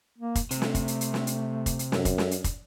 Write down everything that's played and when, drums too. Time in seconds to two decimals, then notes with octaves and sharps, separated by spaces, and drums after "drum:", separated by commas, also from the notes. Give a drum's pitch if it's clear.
0.18 A#3
0.35 drum: kick, hi-hat
0.51 C3 A3, drum: hi-hat
0.62 drum: snare
0.75 drum: kick, hi-hat
0.88 drum: hi-hat
1.01 drum: hi-hat
1.14 drum: snare
1.27 drum: hi-hat
1.66 drum: kick, hi-hat
1.79 drum: hi-hat
1.92 F#2, drum: snare
2.05 drum: kick, hi-hat
2.18 drum: snare
2.31 drum: hi-hat
2.44 drum: kick, hi-hat